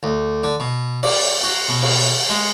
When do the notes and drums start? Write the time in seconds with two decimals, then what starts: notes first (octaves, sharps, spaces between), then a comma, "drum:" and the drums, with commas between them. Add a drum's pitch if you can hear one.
0.03 D2
0.43 D3
0.60 B2
1.03 D5, drum: cymbal
1.43 F#4
1.69 B2
1.82 drum: cymbal
2.29 G#3